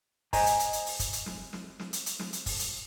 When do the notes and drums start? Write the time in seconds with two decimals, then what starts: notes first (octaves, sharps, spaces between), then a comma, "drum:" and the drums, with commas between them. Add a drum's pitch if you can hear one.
0.33 C5 D#5 G#5 A#5, drum: kick, open hi-hat
0.46 drum: hi-hat
0.60 drum: hi-hat
0.73 drum: hi-hat
0.86 drum: open hi-hat
1.00 drum: kick, hi-hat
1.13 drum: hi-hat
1.26 drum: snare
1.53 drum: snare
1.79 drum: snare
1.93 drum: hi-hat
2.06 drum: hi-hat
2.19 drum: snare
2.33 drum: hi-hat
2.46 drum: kick, open hi-hat
2.59 drum: hi-hat